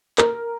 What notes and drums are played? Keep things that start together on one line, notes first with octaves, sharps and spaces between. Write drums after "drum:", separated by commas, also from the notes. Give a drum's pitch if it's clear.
A#4, drum: clap